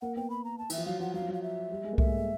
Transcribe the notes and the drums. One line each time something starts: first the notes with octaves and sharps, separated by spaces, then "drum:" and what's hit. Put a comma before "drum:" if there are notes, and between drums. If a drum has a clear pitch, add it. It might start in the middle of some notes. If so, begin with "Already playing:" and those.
A#3 F#5
B3 G5
B5
A#5
A5
E3 E5, drum: cymbal
F3
F#3 F5
F3 F#5
F#3 F5
F3
F#3
F5
E5
G3
G#3
A#3
A3 E5, drum: kick C2
G#3
A3